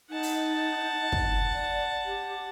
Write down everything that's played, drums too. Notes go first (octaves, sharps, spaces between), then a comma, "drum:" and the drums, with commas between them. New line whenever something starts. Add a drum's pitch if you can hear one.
D#4 F#5 A5
drum: open hi-hat
drum: kick
D5
G4